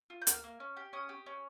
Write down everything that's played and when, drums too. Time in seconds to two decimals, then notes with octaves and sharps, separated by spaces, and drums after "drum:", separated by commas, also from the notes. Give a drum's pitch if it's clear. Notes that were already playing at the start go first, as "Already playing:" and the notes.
0.10 F4
0.22 G6
0.27 A#3 F6, drum: hi-hat
0.44 A#3
0.60 C#4
0.77 G4
0.93 C#4 D#6
1.09 G4
1.26 C#4